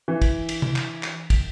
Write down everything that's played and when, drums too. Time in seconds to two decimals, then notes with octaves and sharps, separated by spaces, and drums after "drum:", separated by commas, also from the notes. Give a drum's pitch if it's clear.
0.08 E3
0.22 drum: kick, cymbal
0.49 drum: cymbal
0.62 drum: tom C3
0.76 drum: clap
1.03 drum: clap
1.30 drum: kick, cymbal